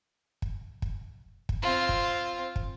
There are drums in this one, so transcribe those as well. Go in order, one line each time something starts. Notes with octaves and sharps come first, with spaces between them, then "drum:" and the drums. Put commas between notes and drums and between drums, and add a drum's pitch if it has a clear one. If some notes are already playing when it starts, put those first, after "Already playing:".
drum: kick
drum: kick
drum: kick
C4 F4
drum: kick
drum: kick